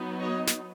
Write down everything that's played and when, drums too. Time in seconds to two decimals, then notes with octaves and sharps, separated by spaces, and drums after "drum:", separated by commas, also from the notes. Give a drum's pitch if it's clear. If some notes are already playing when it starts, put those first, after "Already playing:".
Already playing: F#3 B3 D#4
0.20 C#5 D#5
0.47 drum: snare